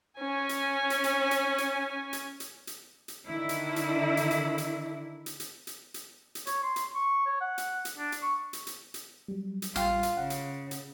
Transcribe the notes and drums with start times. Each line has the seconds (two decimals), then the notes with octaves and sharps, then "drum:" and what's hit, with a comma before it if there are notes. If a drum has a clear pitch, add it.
0.21 C#4 G#5
0.49 drum: hi-hat
0.90 drum: hi-hat
1.04 drum: hi-hat
1.31 drum: hi-hat
1.58 drum: hi-hat
2.13 drum: hi-hat
2.40 drum: hi-hat
2.67 drum: hi-hat
3.08 drum: hi-hat
3.29 D3 D#3 D4 E4
3.49 drum: hi-hat
3.76 drum: hi-hat
4.17 drum: hi-hat
4.31 drum: hi-hat
4.58 drum: hi-hat
5.26 drum: hi-hat
5.40 drum: hi-hat
5.67 drum: hi-hat
5.94 drum: hi-hat
6.35 drum: hi-hat
6.47 C#5, drum: hi-hat
6.63 C6
6.76 drum: hi-hat
6.95 C#6
7.26 C#5
7.41 F#5
7.58 drum: hi-hat
7.85 drum: hi-hat
7.98 D4
8.12 drum: hi-hat
8.23 C#6
8.53 drum: hi-hat
8.67 drum: hi-hat
8.94 drum: hi-hat
9.28 F#3 G3
9.62 drum: hi-hat
9.76 A1 G3 F4 F5 G5, drum: hi-hat
10.03 drum: hi-hat
10.17 C#3 F#5
10.30 drum: hi-hat
10.71 drum: hi-hat